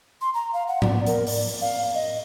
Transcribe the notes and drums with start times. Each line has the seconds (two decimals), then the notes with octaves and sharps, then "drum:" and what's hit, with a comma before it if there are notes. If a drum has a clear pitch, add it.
0.21 C6
0.34 A#5
0.53 F5
0.68 F#5
0.82 D5, drum: tom G#2
1.06 A#4, drum: hi-hat
1.27 D5, drum: open hi-hat
1.61 F5
1.94 D#5